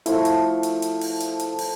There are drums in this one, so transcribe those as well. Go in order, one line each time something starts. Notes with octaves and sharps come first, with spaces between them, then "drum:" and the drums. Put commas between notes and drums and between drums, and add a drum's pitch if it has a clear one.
F3 A3 E4, drum: hi-hat
drum: hi-hat
drum: hi-hat
drum: hi-hat
drum: open hi-hat
drum: hi-hat
drum: hi-hat
drum: open hi-hat